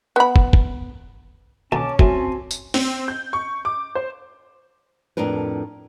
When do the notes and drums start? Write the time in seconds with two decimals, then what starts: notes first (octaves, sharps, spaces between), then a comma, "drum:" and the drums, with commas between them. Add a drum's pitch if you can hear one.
0.16 B3 B5
0.36 drum: kick
0.53 drum: kick
1.72 D#2 B2 D3 C#4 A5 D6
1.99 F#3 A3 C4 F#4 G#5 A5, drum: kick
2.51 drum: tambourine
2.74 C4, drum: open hi-hat
3.08 G6
3.33 C#6
3.65 D6
3.95 C5
5.17 F2 A2 D4 A#4 B4